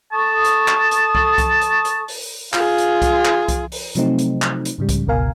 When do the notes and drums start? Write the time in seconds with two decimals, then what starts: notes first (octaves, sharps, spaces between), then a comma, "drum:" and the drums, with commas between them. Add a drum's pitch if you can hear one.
0.12 A4 A5 C#6 D#6
0.45 drum: hi-hat
0.68 drum: clap
0.91 drum: hi-hat
1.15 drum: kick C2
1.38 drum: kick C2, hi-hat
1.61 drum: hi-hat
1.85 drum: hi-hat
2.08 drum: open hi-hat
2.53 F4 G#4, drum: clap
2.78 drum: hi-hat
3.02 drum: kick C2, hi-hat
3.25 drum: clap
3.48 drum: kick C2, hi-hat
3.72 drum: open hi-hat
3.95 C3 F3 F#3 A3 C4 D#4, drum: hi-hat
4.19 drum: hi-hat
4.42 drum: clap
4.65 drum: hi-hat
4.78 G#2 C#3 G3
4.89 drum: kick C2, hi-hat
5.06 G1 C#2 B2 A#4 F5 G#5